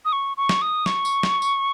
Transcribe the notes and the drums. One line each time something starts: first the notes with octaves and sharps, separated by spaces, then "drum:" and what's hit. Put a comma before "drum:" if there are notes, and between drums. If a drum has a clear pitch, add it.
D#6
C#6
C#6
drum: snare
D#6
C#6, drum: snare
drum: tambourine
drum: snare
drum: tambourine